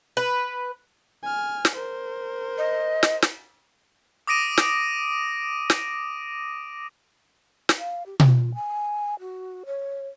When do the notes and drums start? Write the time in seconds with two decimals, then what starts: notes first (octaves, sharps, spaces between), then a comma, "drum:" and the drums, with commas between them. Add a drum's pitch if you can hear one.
0.17 B4
1.23 G#5 F6
1.65 drum: snare
1.75 A#4 C5
2.58 D#5
3.03 drum: snare
3.22 drum: snare
4.27 D6 D#6 A#6 D7 D#7
4.57 drum: snare
5.70 drum: snare
7.69 drum: snare
7.79 F5
8.06 G4
8.20 F4, drum: tom B2
8.54 G#5
9.20 F#4
9.66 C#5